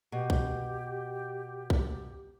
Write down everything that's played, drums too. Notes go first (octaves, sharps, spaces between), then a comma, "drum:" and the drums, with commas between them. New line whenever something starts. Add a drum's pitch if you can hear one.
B2 G4
drum: kick B1
drum: kick B1